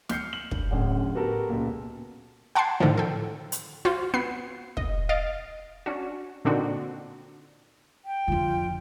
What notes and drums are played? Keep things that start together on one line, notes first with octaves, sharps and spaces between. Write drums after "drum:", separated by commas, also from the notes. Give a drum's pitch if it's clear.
F6 G6 C7 C#7, drum: snare
F#7
G2, drum: kick
D1 A1 D3 C#4 F#5
B3 F#4 G4 A4 A#4
C#2 A#2
F#5 G5 A5 C6 G#6 C7
A2 D3 D#3 F3
A4 G5
drum: hi-hat
F4 F#4 C5
B3 B4 C7
D#5, drum: kick
D#5 F5 A6 D7
C#4 D4 F#4
A#2 D3 C4 D4 D#4 F#4
G5
F2 D3 F4